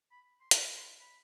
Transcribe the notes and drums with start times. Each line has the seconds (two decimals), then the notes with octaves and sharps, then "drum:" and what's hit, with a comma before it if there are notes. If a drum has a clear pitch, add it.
0.11 B5
0.41 C6
0.51 C6, drum: hi-hat
0.61 B5
0.76 C6
0.79 B5
1.00 B5